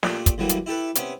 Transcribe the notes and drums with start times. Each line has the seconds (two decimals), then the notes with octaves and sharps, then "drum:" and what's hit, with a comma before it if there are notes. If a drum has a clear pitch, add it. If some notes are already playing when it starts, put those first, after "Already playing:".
0.03 A#2 A3 G4 D5, drum: snare
0.26 drum: kick, hi-hat
0.38 D2 E3 F#3 G3 A#3
0.49 drum: hi-hat
0.66 E4 G4 A4 B4
0.95 C3 B3 C#4, drum: hi-hat